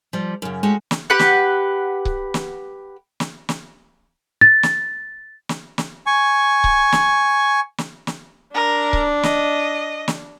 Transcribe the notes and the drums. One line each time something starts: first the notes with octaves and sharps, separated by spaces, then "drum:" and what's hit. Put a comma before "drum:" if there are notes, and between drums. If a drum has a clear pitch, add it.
F3 G3
F#2 C#3
G#3 A3 C#4 F#4 G4
drum: snare
G4 B4 F#5
drum: snare
drum: kick C#1
drum: snare
drum: snare
drum: snare
A6
drum: snare
drum: snare
drum: snare
G#5 C#6
drum: kick C#1
drum: snare
drum: snare
drum: snare
D4 A#4
drum: kick C#1
D#5, drum: snare
drum: snare